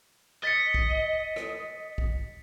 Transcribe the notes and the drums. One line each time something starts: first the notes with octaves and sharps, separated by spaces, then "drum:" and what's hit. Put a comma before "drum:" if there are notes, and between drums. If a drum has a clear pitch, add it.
D#5 A6 B6 C#7
drum: kick
drum: rim click
drum: kick